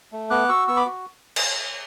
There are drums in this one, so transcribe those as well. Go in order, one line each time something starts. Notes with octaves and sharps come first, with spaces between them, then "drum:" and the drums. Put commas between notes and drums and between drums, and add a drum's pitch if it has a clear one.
A3
B3 D6 F#6
F#4 C#6 E6
B3 C#6 E6
B5 D6
F#4
drum: cymbal